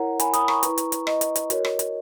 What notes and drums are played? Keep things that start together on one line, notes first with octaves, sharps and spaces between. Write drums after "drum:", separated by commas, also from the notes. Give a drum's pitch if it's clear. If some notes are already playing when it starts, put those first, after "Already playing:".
Already playing: E4 A#4 C#5 F#5 A#5
G#5 B5, drum: hi-hat
B5 D#6, drum: hi-hat
A#5 C#6, drum: rim click
E4 B4, drum: hi-hat
drum: hi-hat
drum: hi-hat
D#5, drum: rim click
drum: hi-hat
drum: hi-hat
F#4 A#4 C#5, drum: hi-hat
drum: rim click
drum: hi-hat